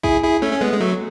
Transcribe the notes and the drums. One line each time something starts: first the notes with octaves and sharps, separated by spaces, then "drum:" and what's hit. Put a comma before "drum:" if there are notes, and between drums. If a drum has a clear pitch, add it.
E4 G#4, drum: kick
E4 G#4
A3 C#4
C#4
G#3 B3
G#3
F#3 A3